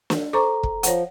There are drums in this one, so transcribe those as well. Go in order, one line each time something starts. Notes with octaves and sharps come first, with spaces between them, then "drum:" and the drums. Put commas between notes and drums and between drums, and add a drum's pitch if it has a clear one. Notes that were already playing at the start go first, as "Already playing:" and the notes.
drum: snare
A4 C5 A#5 C#6 D6
drum: kick
F3 C#5 F#5, drum: hi-hat